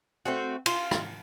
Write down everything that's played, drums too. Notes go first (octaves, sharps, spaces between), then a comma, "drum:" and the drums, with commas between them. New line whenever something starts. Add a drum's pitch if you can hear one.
A3 C4 F#4
F4, drum: cymbal
drum: rim click